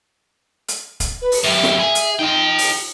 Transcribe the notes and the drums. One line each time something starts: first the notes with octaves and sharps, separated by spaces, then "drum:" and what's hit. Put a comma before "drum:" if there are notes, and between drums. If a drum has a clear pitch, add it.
drum: hi-hat
drum: kick, hi-hat
B4
drum: open hi-hat
F#2 G4 E5
drum: snare
G#4
drum: hi-hat
D#4 F4 G5
drum: open hi-hat